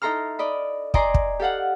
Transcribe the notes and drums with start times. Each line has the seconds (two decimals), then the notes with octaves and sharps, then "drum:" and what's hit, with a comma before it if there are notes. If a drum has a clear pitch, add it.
0.02 D#4 E4 A4 A#5 C6 F6
0.39 D5 D#5 B5
0.94 D5 D#5 G#5 A#5 C6 D6, drum: kick
1.14 drum: kick
1.39 G4 A4 F5 F#5